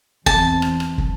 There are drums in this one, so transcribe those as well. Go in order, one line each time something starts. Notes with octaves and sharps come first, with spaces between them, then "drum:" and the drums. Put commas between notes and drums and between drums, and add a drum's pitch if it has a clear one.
E2 C4 A5, drum: kick
drum: rim click
drum: rim click
drum: kick